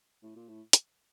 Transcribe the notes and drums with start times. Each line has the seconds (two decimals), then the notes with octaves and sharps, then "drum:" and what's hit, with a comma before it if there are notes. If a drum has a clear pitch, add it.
0.23 A2
0.36 A#2
0.49 A2
0.73 drum: hi-hat